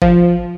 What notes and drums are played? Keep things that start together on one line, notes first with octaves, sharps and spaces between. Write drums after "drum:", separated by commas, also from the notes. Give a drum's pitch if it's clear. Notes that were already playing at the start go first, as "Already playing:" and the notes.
F3, drum: kick G1